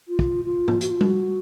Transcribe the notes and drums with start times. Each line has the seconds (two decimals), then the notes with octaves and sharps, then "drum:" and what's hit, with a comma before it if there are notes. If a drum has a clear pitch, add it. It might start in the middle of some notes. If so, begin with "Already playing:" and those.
0.08 F4
0.19 drum: kick
0.44 F4
0.68 drum: tom
0.81 F#4, drum: hi-hat
0.90 F4
1.01 F#4, drum: tom G3